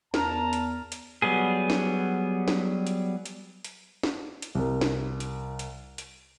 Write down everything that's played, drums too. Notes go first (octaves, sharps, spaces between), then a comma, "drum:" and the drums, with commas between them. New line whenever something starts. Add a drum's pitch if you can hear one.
E2 A#4 A5 A#5, drum: snare
drum: hi-hat
drum: hi-hat
F#3 G3 B3 G#4
drum: snare
drum: snare
drum: hi-hat
drum: hi-hat
drum: hi-hat
drum: snare
drum: hi-hat
C2 A#4
drum: snare
drum: hi-hat
drum: hi-hat
drum: hi-hat